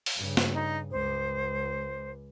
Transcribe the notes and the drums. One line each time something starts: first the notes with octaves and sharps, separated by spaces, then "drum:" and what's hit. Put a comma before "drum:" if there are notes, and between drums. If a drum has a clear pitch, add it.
drum: open hi-hat
G2 C#3
drum: snare
D#4
C#2 C5